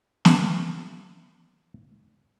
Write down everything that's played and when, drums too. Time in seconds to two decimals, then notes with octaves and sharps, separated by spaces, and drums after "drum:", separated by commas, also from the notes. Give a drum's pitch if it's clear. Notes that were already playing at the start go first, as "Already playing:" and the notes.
0.25 E3 A3 A#3, drum: snare